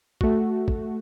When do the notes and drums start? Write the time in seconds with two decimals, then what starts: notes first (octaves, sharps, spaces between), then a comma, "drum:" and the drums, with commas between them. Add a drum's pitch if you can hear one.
0.21 A3 F#4, drum: kick
0.68 drum: kick